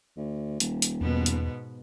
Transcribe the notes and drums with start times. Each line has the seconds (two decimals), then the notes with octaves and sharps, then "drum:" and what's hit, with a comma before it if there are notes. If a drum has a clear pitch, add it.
0.17 D2
0.60 D#1, drum: hi-hat
0.82 drum: hi-hat
1.01 E2 G#2 B2 B3
1.26 drum: hi-hat